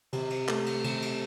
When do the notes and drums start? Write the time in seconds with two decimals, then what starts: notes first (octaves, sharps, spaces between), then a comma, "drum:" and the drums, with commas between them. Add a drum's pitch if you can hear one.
0.13 C3, drum: cymbal
0.30 drum: cymbal
0.48 A3, drum: clap
0.66 drum: cymbal
0.84 C3, drum: cymbal
1.02 drum: cymbal